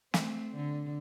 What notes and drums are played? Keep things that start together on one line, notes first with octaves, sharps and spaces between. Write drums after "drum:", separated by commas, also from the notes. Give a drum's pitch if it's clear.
A3 C4, drum: snare
D3